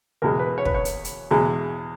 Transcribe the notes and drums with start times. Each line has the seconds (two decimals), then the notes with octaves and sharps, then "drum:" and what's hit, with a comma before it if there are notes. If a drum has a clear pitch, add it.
0.22 E2 B2 G#3 A#4
0.39 B4
0.58 C#5
0.65 B4, drum: kick
0.74 C#5
0.85 drum: hi-hat
1.05 drum: hi-hat
1.31 E2 B2 G#3